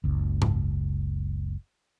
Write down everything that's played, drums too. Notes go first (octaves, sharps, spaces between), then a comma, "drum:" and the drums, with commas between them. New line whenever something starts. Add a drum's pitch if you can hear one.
F#1 C#2
drum: tom G#2